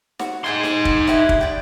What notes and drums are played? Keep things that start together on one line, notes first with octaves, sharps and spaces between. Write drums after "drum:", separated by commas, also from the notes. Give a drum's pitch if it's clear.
F#4, drum: snare
D#4 G#4 G5 G#5 C6
drum: snare
drum: kick
E4 G4 B4, drum: snare
drum: kick
D5 G5